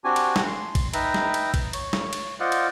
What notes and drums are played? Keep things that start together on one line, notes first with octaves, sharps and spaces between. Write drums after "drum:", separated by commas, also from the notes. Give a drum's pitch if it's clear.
C4 D4 F#4 G4 G#5
drum: cymbal
drum: snare
C6
drum: kick A#1, cymbal
D#4 B4 E5 G5 A#5, drum: cymbal
drum: snare
drum: cymbal
drum: kick A#1, cymbal
C#5, drum: cymbal
drum: snare
drum: cymbal
F4 C5 D5 D#5 F5 F#5
drum: cymbal